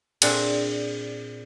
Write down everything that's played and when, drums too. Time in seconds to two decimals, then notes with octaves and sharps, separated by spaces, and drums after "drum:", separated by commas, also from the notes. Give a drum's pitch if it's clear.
0.22 A#2 C4 D4 G#4 E5, drum: cymbal